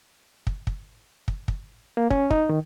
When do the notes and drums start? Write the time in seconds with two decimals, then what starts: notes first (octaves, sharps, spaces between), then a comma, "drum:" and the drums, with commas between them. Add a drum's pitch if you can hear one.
0.47 drum: kick
0.67 drum: kick
1.28 drum: kick
1.48 drum: kick
1.97 A#3
2.10 C#4, drum: kick
2.31 D#4, drum: kick
2.49 D#3